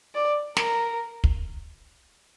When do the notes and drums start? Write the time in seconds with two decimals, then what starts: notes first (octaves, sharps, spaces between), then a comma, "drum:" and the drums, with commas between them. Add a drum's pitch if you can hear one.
0.14 D5
0.57 A#4, drum: snare
1.24 drum: kick